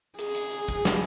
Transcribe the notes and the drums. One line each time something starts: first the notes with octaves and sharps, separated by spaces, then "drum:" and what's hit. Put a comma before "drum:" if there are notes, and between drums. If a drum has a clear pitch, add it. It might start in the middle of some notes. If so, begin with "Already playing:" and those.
G#4, drum: hi-hat
drum: hi-hat
drum: hi-hat
drum: kick, hi-hat
drum: snare